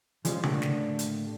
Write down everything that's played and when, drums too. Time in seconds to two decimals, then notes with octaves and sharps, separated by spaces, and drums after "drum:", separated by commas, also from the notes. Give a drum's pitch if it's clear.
0.25 E3 F3 G3 G#3 C#4 F4, drum: hi-hat
0.43 A2 D3 A3 A#3 D4 G4, drum: tom C#3
0.62 drum: snare
0.99 drum: hi-hat